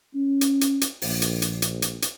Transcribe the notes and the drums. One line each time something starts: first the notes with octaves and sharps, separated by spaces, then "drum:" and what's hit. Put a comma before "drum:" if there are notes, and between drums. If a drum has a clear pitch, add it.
C#4
drum: hi-hat
drum: hi-hat
drum: hi-hat
A#1, drum: open hi-hat
drum: hi-hat
drum: hi-hat
drum: hi-hat
drum: hi-hat
drum: hi-hat